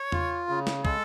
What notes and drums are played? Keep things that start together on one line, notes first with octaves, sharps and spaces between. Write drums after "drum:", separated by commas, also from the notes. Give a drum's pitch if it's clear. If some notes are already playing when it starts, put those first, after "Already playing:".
Already playing: C#5
F4, drum: tom E2
C#3
drum: snare
G#3 A4, drum: kick